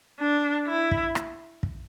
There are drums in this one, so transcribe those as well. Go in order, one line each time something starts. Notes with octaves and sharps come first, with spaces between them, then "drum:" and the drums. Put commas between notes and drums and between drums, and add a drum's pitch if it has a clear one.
D4
E4
drum: kick
drum: rim click
drum: kick